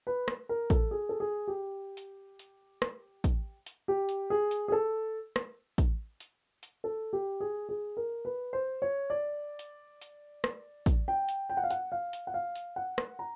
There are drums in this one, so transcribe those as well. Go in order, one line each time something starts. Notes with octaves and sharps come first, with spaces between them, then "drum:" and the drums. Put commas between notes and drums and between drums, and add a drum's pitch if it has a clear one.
B4
drum: rim click
A#4
A4, drum: kick, hi-hat
G#4
A4
G#4
G4
drum: hi-hat
drum: hi-hat
drum: rim click
drum: kick, hi-hat
drum: hi-hat
G4
drum: hi-hat
G#4
drum: hi-hat
G#4
A4
drum: rim click
drum: kick, hi-hat
drum: hi-hat
drum: hi-hat
A4
G4
G#4
G#4
A#4
B4
C5
C#5
D5
drum: hi-hat
drum: hi-hat
drum: rim click
drum: kick, hi-hat
G5
drum: hi-hat
G5
F#5
F5
F#5, drum: hi-hat
F5
drum: hi-hat
F#5
F5
drum: hi-hat
F#5
drum: rim click
A#5